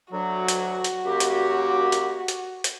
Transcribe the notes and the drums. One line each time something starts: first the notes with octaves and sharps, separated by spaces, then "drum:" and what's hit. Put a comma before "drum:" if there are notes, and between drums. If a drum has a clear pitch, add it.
D2 F#3 F#4
drum: hi-hat
drum: hi-hat
F#2 A#3 G4
drum: hi-hat
drum: hi-hat
drum: hi-hat
drum: hi-hat